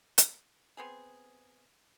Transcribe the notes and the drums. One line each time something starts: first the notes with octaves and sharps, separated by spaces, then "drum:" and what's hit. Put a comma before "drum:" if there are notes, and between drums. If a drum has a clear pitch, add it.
drum: hi-hat
B3 C4 G#4